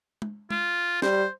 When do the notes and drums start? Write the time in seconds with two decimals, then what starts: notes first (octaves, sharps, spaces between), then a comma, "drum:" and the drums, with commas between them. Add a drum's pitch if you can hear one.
0.22 drum: tom G#3
0.50 F4, drum: tom G#3
1.02 G3 C5, drum: snare